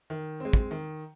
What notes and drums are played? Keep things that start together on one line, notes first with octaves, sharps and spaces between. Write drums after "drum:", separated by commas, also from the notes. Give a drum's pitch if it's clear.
D#3
G#3 C4
drum: kick
D#3